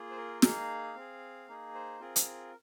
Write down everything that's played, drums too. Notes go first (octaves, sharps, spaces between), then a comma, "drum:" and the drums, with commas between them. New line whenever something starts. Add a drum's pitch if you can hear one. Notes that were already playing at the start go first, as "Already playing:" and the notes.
Already playing: A#3 F4 G#4
C5
A#4
A#3 D#4 G#4 F5, drum: snare
C4 G#4
A#3 D#4 G#4
C5
C4 F4 G#4 A#4
drum: hi-hat